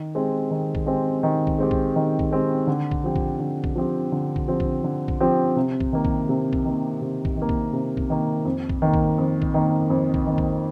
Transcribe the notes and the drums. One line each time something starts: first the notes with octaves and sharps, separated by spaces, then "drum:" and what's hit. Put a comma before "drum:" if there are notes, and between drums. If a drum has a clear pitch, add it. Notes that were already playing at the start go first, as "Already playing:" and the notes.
Already playing: D#3
G#3 C4 G4
D#3
drum: kick A#1
G#3 C4 G4
D#3
drum: kick A#1
G#3 C4 G4
drum: kick A#1
D#3
drum: kick A#1
G#3 C4 G4
D3
drum: kick A#1
F3 C4 G4
drum: kick A#1
D3
drum: kick A#1
F3 C4 G4
D3
drum: kick A#1
F3 C4 G4
drum: kick A#1
D3
drum: kick A#1
F3 C4 G4
C3
drum: kick A#1
D#3 A#3
drum: kick A#1
C3
drum: kick A#1
D#3 A#3
C3
drum: kick A#1
D#3 A#3
drum: kick A#1
C3
drum: kick A#1
D#3 A#3
F2
drum: kick A#1
D#3 A#3
drum: kick A#1
F2
drum: kick A#1
D#3 A#3
F2
drum: kick A#1
D#3 A#3
drum: kick A#1